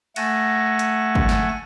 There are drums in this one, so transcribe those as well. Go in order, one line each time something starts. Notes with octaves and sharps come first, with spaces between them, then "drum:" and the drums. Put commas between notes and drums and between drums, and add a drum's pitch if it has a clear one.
A3 F#5 G#5 A5 A#6, drum: cymbal
drum: hi-hat
drum: kick
drum: snare